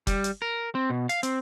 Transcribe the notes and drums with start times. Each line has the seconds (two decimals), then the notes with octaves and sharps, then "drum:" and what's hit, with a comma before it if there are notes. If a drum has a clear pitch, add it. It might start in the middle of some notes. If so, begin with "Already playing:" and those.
0.07 G3, drum: kick, hi-hat
0.24 drum: hi-hat
0.42 A#4
0.75 C4
0.90 B2
1.09 F5, drum: hi-hat
1.23 C4, drum: hi-hat